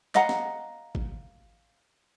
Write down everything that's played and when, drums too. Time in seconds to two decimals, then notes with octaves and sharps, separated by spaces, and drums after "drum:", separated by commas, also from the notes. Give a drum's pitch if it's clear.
0.15 D#5 F5 F#5 A#5, drum: clap
0.29 drum: snare B3
0.95 drum: kick G#1